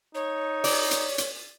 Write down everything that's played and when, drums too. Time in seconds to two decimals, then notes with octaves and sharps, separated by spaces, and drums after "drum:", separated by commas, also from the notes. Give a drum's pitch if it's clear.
0.15 D#4 C#5
0.64 D5, drum: open hi-hat
0.91 drum: hi-hat
1.18 drum: hi-hat